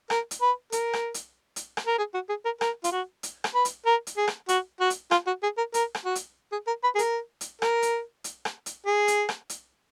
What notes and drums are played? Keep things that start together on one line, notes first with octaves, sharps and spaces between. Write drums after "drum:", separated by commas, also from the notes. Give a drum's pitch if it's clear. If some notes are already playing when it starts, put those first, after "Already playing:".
A#4, drum: rim click
drum: hi-hat
B4
A#4, drum: hi-hat
drum: rim click
drum: hi-hat
drum: hi-hat
drum: rim click
A#4
G#4
F#4
G#4
A#4
A#4, drum: rim click
F4, drum: hi-hat
F#4
drum: hi-hat
drum: rim click
B4
drum: hi-hat
A#4
drum: hi-hat
G#4
drum: rim click
F#4, drum: hi-hat
F#4
drum: hi-hat
F4, drum: rim click
F#4
G#4
A#4
A#4, drum: hi-hat
drum: rim click
F#4
drum: hi-hat
G#4
A#4
B4
G#4
A#4, drum: hi-hat
drum: hi-hat
A#4, drum: rim click
drum: hi-hat
drum: hi-hat
drum: rim click
drum: hi-hat
G#4
drum: hi-hat
drum: rim click
drum: hi-hat